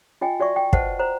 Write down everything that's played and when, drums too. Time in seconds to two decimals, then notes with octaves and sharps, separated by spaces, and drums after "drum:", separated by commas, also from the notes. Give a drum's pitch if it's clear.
0.21 F4 D#5 G5 G#5
0.40 F#4 D5 E5 C#6
0.56 G5
0.73 B4 C5 D#5 F#5 A5, drum: kick
0.99 C5 A#5